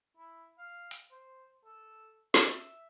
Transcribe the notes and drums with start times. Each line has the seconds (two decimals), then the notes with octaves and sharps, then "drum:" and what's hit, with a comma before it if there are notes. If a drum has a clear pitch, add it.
0.18 E4
0.59 F5
0.91 drum: hi-hat
1.11 C5
1.65 A4
2.34 E5, drum: snare